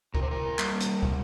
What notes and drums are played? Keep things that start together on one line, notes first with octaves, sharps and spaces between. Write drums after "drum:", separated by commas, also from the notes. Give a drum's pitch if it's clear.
C3 A#4, drum: kick
C5
A#4
G3 A#3, drum: clap
drum: hi-hat
C3, drum: kick